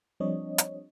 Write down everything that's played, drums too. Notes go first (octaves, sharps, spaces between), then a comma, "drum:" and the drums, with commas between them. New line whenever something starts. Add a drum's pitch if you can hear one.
F3 G3 C4 D4 C#5 D#5
drum: hi-hat